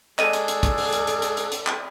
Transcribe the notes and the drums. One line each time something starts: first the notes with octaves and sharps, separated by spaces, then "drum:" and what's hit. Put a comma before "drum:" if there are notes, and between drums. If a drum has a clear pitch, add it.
G#3 G#4 A4 D5 D#5 F#6 D#7, drum: clap
drum: hi-hat
drum: hi-hat
drum: kick, hi-hat
drum: open hi-hat
drum: hi-hat
drum: hi-hat
drum: hi-hat
drum: hi-hat
drum: hi-hat
drum: clap